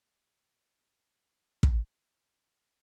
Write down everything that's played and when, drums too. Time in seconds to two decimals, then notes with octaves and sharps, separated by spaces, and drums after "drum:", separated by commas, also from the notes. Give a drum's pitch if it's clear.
1.63 drum: kick
2.00 C#5